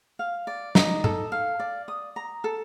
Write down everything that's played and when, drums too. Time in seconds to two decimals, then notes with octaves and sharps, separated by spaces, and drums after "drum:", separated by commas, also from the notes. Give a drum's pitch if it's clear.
0.19 F5
0.47 D5
0.75 D#4, drum: snare
1.04 A4, drum: tom A2
1.32 F5
1.60 D5
1.88 D#6
2.16 A#5
2.44 A4